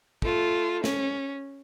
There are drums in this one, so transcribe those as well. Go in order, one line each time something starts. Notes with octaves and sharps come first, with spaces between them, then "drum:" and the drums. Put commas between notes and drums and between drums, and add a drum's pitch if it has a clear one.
A3 F4, drum: kick
C#4, drum: snare